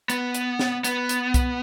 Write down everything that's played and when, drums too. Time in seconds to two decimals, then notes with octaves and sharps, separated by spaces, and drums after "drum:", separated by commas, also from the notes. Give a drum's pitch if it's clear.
0.10 B3, drum: hi-hat
0.35 drum: hi-hat
0.59 drum: snare
0.84 B3, drum: hi-hat
1.09 drum: hi-hat
1.34 drum: kick C2, hi-hat